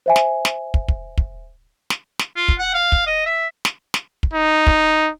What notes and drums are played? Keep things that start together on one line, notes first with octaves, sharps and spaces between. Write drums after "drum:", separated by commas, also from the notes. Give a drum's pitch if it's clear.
C5 E5 G#5
drum: snare
drum: snare
drum: kick
drum: kick
drum: kick
drum: snare
drum: snare
F4
drum: kick
F#5
F5
drum: kick
D#5
E5
drum: snare
drum: snare
drum: kick
D#4
drum: kick